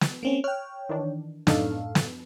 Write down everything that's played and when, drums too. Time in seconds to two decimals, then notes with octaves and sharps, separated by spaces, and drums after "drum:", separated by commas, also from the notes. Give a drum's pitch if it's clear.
0.01 drum: snare
0.23 A#3 C4 C#4 D7
0.44 C#5 G5 F6 F#6
0.89 D#3 E3 D4
1.47 F#2 A2 D4 D#4 A4 F5, drum: snare
1.95 drum: snare